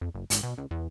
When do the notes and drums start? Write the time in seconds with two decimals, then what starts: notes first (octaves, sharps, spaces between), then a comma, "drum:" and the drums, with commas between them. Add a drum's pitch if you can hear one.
0.01 F2
0.14 F#1
0.30 G#1, drum: hi-hat
0.43 B2
0.58 C#2
0.71 E2